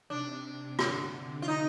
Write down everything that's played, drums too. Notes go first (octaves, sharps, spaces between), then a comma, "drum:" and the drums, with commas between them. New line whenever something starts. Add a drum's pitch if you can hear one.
C3 D4
D3, drum: rim click
F4
D#4